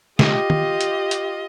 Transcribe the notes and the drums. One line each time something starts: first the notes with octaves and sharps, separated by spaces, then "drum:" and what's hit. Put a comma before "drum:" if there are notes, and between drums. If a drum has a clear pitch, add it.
F4 G4 D#5, drum: snare
drum: tom D#3
drum: hi-hat
drum: hi-hat